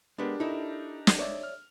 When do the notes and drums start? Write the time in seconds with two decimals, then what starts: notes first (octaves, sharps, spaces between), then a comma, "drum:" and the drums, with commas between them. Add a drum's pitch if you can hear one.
0.18 G#3 B3 D4 G4 A#4
0.40 D#4 E4 A4
1.07 drum: snare
1.19 C#5 D5 E5
1.43 F6